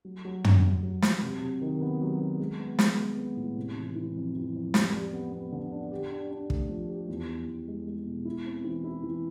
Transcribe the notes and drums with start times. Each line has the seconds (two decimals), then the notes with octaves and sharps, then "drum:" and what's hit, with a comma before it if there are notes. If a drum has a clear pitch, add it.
0.05 F#3
0.25 F#3
0.44 F#2, drum: tom
0.63 F#3
0.83 F#3
1.02 F#3, drum: snare
1.22 C3
1.41 C3
1.62 D#3
1.81 B3
2.01 F#3
2.19 B3
2.39 G#3
2.60 B3
2.79 G#3, drum: snare
2.98 B3
3.18 B3
3.37 A2
3.56 C3
3.76 E3
3.96 E3
4.16 F2
4.35 E3
4.55 F2
4.74 G3, drum: snare
4.94 G3
5.13 B3
5.32 B3
5.52 D3
5.71 D4
5.92 G4
6.11 D4
6.31 D4
6.50 A3, drum: kick
6.69 F3
6.89 G4
7.08 E2
7.29 E2
7.48 E2
7.68 G#3
7.87 G#3
8.06 B2
8.25 E4
8.46 C4
8.64 E3
8.84 E4
9.04 E3